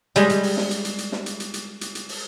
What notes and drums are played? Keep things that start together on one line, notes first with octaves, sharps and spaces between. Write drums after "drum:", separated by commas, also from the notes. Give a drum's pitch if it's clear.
G3 G#3 D#5, drum: hi-hat
drum: hi-hat
drum: open hi-hat
drum: snare
drum: hi-hat
drum: hi-hat
drum: hi-hat
drum: snare
drum: hi-hat
drum: hi-hat
drum: hi-hat
drum: hi-hat
drum: hi-hat
drum: open hi-hat